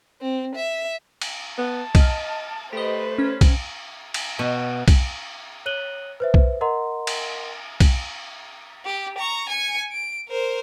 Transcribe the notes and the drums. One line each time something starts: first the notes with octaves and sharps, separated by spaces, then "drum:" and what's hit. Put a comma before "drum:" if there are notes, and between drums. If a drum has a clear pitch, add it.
C4
E5
drum: cymbal
B3 A5
D#5 F6, drum: kick B1, cymbal
A3 G4 B4 C5 D#5
C#4
drum: kick B1, cymbal
drum: cymbal
B2
drum: kick B1, cymbal
C#5 F#6 D#7 F#7 G7
B4 C5 E5
drum: kick B1
A#4 D#5 F#5 A#5 C6
drum: cymbal
drum: kick B1, cymbal
G4
A#5 C#6
G#5 C#7
D7
A#4 C5